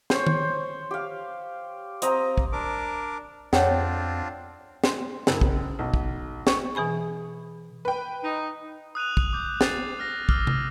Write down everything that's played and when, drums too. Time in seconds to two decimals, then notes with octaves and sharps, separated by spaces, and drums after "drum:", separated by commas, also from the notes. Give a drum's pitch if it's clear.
0.10 C5 C#5, drum: snare
0.27 drum: tom D#3
0.91 G4 F5
2.02 C4 D#5 A#5, drum: hi-hat
2.37 drum: kick
2.52 D4 A#4 D6
3.53 F2 C4 D4 F4 C#5 F#5 G5, drum: snare
4.84 C6, drum: snare
5.27 F#1, drum: snare
5.41 drum: kick
5.79 B1
5.94 drum: kick
6.47 C#6, drum: snare
6.75 B2 E3 G#4 G#5 B5
7.85 B4 G5
8.24 D#4
8.95 D#6 F#6 D#7 F7
9.17 drum: kick
9.33 D6 G6
9.61 A6 C7 D#7, drum: snare
9.99 F6 A#6
10.29 D6 E6 F6 C7 G7, drum: kick
10.47 drum: tom C3